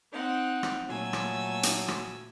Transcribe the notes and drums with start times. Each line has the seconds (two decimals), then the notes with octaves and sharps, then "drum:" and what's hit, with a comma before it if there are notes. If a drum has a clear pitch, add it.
0.11 C4 D#4 F#5
0.63 drum: rim click
0.88 A#2 F#3 A3 G#5 E6
1.13 drum: rim click
1.63 drum: hi-hat
1.88 drum: rim click